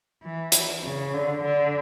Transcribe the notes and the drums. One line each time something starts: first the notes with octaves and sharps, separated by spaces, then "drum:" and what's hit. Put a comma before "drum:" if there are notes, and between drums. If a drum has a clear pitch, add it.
E3
drum: hi-hat
C#3
D3
D3